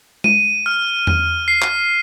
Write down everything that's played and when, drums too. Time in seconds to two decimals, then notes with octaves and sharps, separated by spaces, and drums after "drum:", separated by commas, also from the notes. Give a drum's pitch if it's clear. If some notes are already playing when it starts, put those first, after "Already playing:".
0.24 D#7, drum: tom G#3
0.66 F6
1.07 D#7, drum: tom E2
1.48 C7
1.62 drum: clap